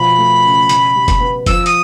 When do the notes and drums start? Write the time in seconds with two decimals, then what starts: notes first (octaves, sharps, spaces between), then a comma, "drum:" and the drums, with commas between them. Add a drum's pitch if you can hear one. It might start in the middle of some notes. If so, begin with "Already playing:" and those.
Already playing: B2 F3 B5
0.18 A3
0.44 C#3
0.69 B2, drum: hi-hat
0.95 G3
1.08 drum: kick F#1, hi-hat
1.20 B3
1.46 F3 E6, drum: kick F#1, hi-hat
1.66 D#6, drum: hi-hat